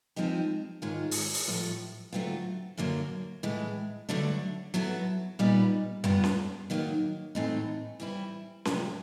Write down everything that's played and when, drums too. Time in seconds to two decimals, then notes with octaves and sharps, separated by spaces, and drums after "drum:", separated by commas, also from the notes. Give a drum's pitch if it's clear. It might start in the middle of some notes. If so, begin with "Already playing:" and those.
0.16 F3 G#3 C4 D#4 G4
0.82 G#2 D#3 G#3 C#4 F4
1.11 drum: open hi-hat
1.34 drum: open hi-hat
1.48 A2 F3 A3
2.13 D3 F#3 A3 C4 F4
2.77 F#2 D3 F#3 A#3
3.43 A2 E3 G#3
4.09 G2 D3 F#3 A3 D4
4.74 F#3 B3 E4 A4
5.39 A#2 G3 B3 D#4
6.04 G3 B3 D4 F4, drum: tom F#2
6.24 drum: snare C#4
6.70 D#3 F#3 A#3 D#4
7.35 A2 E3 A3 C4 D#4
8.00 E3 G3 C4 E4
8.65 F2 C3 D#3 F#3, drum: snare C#4